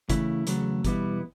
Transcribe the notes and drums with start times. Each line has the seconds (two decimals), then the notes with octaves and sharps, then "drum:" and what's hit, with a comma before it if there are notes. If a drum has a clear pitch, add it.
0.10 C#3 E3 A3 E4, drum: kick G1, hi-hat
0.47 E2 C#3 F#3 A3, drum: hi-hat
0.84 E2 B2 G3 B3 E4, drum: kick G1, hi-hat